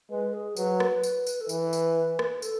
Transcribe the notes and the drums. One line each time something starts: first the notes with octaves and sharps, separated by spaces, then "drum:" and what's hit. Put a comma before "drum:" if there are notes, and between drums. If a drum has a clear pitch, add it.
G#3 B4
G#4
F#3 B4, drum: tambourine
drum: rim click
drum: tambourine
drum: tambourine
A4
E3 B4, drum: tambourine
drum: tambourine
drum: rim click
A4, drum: tambourine